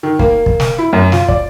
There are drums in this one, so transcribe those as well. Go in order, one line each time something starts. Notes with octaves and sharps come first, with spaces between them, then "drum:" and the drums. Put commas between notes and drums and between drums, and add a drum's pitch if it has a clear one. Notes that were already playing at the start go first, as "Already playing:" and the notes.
D#3
A#3, drum: kick
drum: kick
drum: snare
E4
F#2
F4, drum: snare
D5, drum: kick